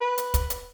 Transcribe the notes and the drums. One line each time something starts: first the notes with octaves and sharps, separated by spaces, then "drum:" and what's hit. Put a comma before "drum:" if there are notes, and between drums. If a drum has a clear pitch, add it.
B4
drum: hi-hat
drum: kick, hi-hat
drum: hi-hat